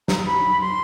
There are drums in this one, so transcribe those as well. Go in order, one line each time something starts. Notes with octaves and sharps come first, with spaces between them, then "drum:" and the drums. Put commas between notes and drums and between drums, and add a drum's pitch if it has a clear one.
A#5, drum: snare
A#5
B5
C6